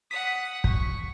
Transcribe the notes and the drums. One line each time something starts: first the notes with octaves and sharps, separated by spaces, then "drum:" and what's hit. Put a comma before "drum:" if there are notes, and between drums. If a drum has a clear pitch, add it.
F#5 D#6 B6
C#6, drum: kick